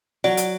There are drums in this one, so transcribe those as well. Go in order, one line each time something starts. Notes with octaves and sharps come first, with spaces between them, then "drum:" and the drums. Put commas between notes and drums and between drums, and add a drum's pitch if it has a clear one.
F#3 D5, drum: snare
drum: hi-hat